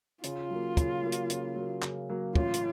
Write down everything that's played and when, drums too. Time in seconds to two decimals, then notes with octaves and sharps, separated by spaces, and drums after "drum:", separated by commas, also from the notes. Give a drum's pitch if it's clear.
0.23 C#3 F4, drum: hi-hat
0.50 F#3 A#3
0.77 C#3, drum: kick, hi-hat
1.03 F#3 A#3
1.12 drum: hi-hat
1.30 C#3, drum: hi-hat
1.56 F#3
1.61 A#3
1.82 C#3, drum: clap
2.09 F#3 A#3
2.35 A1 F4, drum: kick
2.54 drum: hi-hat